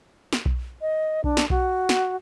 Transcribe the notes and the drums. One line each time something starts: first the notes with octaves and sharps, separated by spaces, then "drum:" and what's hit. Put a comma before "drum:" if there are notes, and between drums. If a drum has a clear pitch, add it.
drum: snare
drum: kick B1
D#5
D4, drum: kick B1
drum: snare
F#4, drum: kick B1
drum: snare